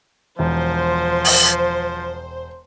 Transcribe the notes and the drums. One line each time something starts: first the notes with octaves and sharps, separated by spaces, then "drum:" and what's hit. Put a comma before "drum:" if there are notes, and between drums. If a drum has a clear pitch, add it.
E1 F3 C5
drum: open hi-hat